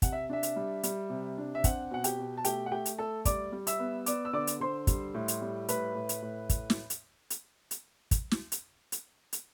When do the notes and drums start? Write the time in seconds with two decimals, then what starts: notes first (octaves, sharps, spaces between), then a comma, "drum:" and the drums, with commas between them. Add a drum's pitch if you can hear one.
0.02 C3 F#5, drum: kick, hi-hat
0.12 E5
0.30 D4 E5
0.43 drum: hi-hat
0.56 G3
0.83 G3, drum: hi-hat
1.10 C3
1.38 D4
1.55 E5
1.64 C4 F#5, drum: kick, hi-hat
1.91 B2 F#5
2.04 G4 G5, drum: hi-hat
2.19 B2
2.37 A5
2.45 A3 G4 G5, drum: hi-hat
2.66 F#5
2.72 A3 G4 G5
2.86 drum: hi-hat
2.98 A3 A4 A5
3.25 G3 D5 D6, drum: kick, hi-hat
3.52 G3
3.67 E5 E6, drum: hi-hat
3.79 B3
4.06 B3 D5 D6, drum: hi-hat
4.25 E6
4.33 D3 D5 D6
4.47 drum: hi-hat
4.60 D3 C5 C6
4.87 G3, drum: kick, hi-hat
5.14 A2
5.28 drum: hi-hat
5.42 G3
5.69 A2 B4 B5, drum: hi-hat
5.95 A2
6.09 drum: hi-hat
6.22 A2
6.49 drum: kick, hi-hat
6.70 drum: snare
6.90 drum: hi-hat
7.30 drum: hi-hat
7.71 drum: hi-hat
8.11 drum: kick, hi-hat
8.31 drum: snare
8.52 drum: hi-hat
8.92 drum: hi-hat
9.33 drum: hi-hat